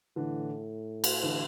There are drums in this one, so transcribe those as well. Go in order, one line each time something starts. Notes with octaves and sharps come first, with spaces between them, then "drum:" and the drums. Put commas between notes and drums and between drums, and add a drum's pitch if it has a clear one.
A2 D3 E3
drum: cymbal
D3 E3